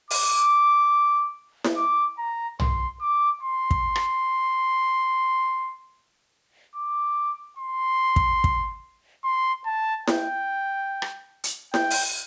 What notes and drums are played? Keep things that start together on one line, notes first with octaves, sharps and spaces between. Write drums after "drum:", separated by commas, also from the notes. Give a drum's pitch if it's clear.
D6, drum: open hi-hat
drum: snare E4
D6
A#5
C6, drum: tom
D6
C6
drum: kick
drum: rim click
D6
C6
drum: kick
drum: kick
C6
A5
G5, drum: snare E4
drum: rim click
drum: hi-hat
G5, drum: snare E4
drum: open hi-hat